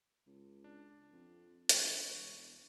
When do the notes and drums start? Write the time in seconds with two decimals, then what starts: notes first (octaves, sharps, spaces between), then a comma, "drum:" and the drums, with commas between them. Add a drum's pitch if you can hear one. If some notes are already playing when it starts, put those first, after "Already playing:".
0.27 C#2
0.64 D4
1.12 F2
1.69 G1 A5 C#6, drum: hi-hat
2.13 E1